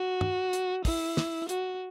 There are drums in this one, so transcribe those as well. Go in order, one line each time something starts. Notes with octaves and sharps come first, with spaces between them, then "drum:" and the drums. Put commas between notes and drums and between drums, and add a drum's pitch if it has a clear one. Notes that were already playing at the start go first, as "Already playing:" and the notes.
Already playing: F#4
drum: tom
drum: hi-hat
E4, drum: kick, open hi-hat
drum: snare
F#4, drum: hi-hat